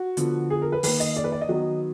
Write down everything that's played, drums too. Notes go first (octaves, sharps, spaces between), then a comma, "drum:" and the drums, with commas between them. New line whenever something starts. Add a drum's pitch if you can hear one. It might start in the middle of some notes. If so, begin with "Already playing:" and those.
Already playing: F#4
D3 F3 B3, drum: hi-hat
G#4
A#4
B4
D#3 A#3 B4, drum: open hi-hat
D#5, drum: hi-hat
D5
B4
D5
D#5
D#3 F#3 B3